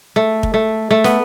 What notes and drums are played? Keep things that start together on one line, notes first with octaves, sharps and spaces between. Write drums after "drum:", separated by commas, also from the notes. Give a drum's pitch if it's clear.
A3
drum: kick
A3
A3
B3, drum: snare